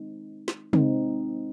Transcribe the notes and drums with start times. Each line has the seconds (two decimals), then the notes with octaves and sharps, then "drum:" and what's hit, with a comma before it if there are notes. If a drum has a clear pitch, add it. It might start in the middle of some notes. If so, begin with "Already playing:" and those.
Already playing: G#3 C4 D#4
0.48 drum: snare
0.73 G#3 C4 D#4, drum: tom